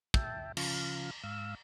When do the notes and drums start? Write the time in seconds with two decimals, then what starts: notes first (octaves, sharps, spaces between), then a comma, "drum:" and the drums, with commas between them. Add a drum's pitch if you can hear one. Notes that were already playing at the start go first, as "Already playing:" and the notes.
0.14 E5 G5 A5, drum: kick
0.57 C#3 F3 F5, drum: cymbal
1.24 G#2 F5 E6